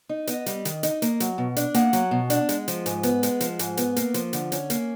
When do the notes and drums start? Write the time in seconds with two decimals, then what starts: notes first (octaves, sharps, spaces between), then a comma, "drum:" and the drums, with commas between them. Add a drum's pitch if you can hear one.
0.09 D#4
0.27 B3 D#5, drum: hi-hat
0.46 G3, drum: hi-hat
0.65 D#3, drum: hi-hat
0.83 D#4, drum: hi-hat
1.02 A#3, drum: hi-hat
1.20 F#3, drum: hi-hat
1.38 B2
1.56 D4, drum: hi-hat
1.74 A#3 F#5, drum: hi-hat
1.93 F#3, drum: hi-hat
2.11 B2
2.30 D4, drum: hi-hat
2.49 G#3, drum: hi-hat
2.68 F3, drum: hi-hat
2.86 G#2, drum: hi-hat
3.03 B3, drum: hi-hat
3.23 G#3, drum: hi-hat
3.40 F3, drum: hi-hat
3.59 G#2, drum: hi-hat
3.77 B3, drum: hi-hat
3.96 A#3, drum: hi-hat
4.14 F3, drum: hi-hat
4.33 D3, drum: hi-hat
4.52 C#4, drum: hi-hat
4.70 A#3, drum: hi-hat